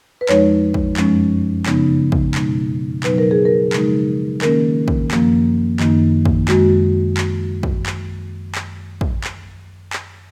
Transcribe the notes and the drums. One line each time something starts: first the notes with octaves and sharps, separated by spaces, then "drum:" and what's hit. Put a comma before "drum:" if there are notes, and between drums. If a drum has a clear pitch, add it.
B4
F2 F3 G#3 D#4 C#5, drum: clap
drum: kick
F#2 F3 G#3 C#4, drum: clap
C#3 F3 B3 D#4, drum: clap
drum: kick
B2 G#3 D#4, drum: clap
B2 F#3 B3 D#4 B4, drum: clap
A#4
G#4
A#4
C#3 F3 G#3 D#4, drum: clap
D#3 A#3 C#4 A#4, drum: clap
drum: kick
F#2 F3 A#3, drum: clap
F#2 D#3 A#3 D#4, drum: clap
drum: kick
F#2 D#3 G#3 F#4, drum: clap
drum: clap
drum: kick
drum: clap
drum: clap
drum: kick
drum: clap
drum: clap